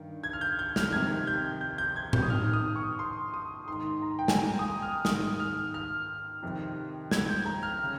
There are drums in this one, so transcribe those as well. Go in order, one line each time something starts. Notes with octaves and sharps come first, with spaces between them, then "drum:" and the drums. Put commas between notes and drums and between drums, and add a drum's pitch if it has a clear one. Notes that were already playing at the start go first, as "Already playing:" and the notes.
Already playing: G2 D#3
G#6
F6
G6
G6
F6, drum: snare
F2 C3 D#3 G#6
G6
G6
G6
G#6
G6, drum: tom A2
D#6
G#2 D#3 F6
D#6
C#6
C6
D#6
G#2 D#3 C6
A#5
G5
G#5, drum: snare
A#5
D#6
F6
G#2 D#3 D#6, drum: snare
F6
F6
F2 C3 D#3
G#6, drum: snare
G6
A#5
F6
C#3